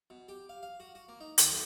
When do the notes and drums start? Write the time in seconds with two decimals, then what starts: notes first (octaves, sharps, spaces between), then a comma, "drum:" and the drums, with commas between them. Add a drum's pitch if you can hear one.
0.10 B2
0.28 G4
0.49 F5
0.63 F5
0.80 F#4
0.95 F#4
1.09 A#3
1.20 D#4
1.38 D#2, drum: hi-hat
1.51 B1